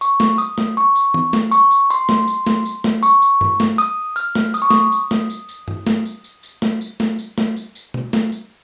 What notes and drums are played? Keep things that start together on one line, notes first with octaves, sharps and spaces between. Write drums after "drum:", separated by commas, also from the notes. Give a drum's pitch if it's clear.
C#6, drum: tambourine
drum: snare A3
D#6, drum: tambourine
drum: snare A3
C#6
drum: tambourine
drum: tom E3
drum: snare A3
C#6, drum: tambourine
drum: tambourine
C6, drum: tambourine
drum: snare A3
drum: tambourine
drum: snare A3
drum: tambourine
drum: snare A3
C#6, drum: tambourine
drum: tambourine
drum: tom G2
drum: snare A3
D#6, drum: tambourine
F6, drum: tambourine
drum: snare A3
D#6, drum: tambourine
C#6
D#6, drum: snare A3
drum: tambourine
drum: snare A3
drum: tambourine
drum: tambourine
drum: tom G2
drum: snare A3
drum: tambourine
drum: tambourine
drum: tambourine
drum: snare A3
drum: tambourine
drum: snare A3
drum: tambourine
drum: snare A3
drum: tambourine
drum: tambourine
drum: tom
drum: snare A3
drum: tambourine